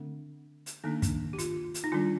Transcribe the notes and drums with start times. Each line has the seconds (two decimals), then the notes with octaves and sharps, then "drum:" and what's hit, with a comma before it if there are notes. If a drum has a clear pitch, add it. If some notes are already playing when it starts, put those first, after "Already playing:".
Already playing: D3 A3 C4 D4
0.66 drum: hi-hat
0.84 D#3 A#3 D4 D#4
1.02 drum: kick, hi-hat
1.33 G4
1.39 F4, drum: hi-hat
1.74 drum: hi-hat
1.84 D#4
1.92 D#3 G3 D4 F4